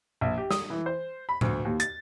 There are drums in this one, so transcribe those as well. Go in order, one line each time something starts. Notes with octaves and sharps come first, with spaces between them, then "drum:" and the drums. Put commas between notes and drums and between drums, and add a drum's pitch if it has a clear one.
A#1
G4
D#6, drum: snare
E3
C5
B5
D2, drum: tom A2
D#2
A6, drum: hi-hat